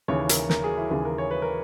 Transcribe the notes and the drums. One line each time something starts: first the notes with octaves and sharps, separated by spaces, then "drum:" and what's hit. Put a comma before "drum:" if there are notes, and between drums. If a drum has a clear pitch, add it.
D#2 C#3 E3 C#5
A#4, drum: hi-hat
A#4, drum: snare
G#4
E4
D#2 C#3 E3 G#4
A#4
C#5
B4
A#4